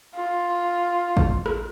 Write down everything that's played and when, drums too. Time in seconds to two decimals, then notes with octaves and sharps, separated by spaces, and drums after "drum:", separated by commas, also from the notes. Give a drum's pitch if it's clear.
0.15 F4
1.17 drum: kick
1.46 drum: rim click